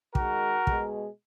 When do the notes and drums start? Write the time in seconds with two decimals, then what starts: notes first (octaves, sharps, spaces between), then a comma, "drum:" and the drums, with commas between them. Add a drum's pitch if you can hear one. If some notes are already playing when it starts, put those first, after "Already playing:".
0.15 D#3 G#3 F#4 A#4, drum: kick
0.67 B2 G#3, drum: kick